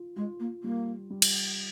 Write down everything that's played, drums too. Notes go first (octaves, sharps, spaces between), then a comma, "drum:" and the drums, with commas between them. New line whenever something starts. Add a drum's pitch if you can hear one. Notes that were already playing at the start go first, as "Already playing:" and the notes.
Already playing: F4
G#3 F4
A#3
G3 A#3
G3
drum: cymbal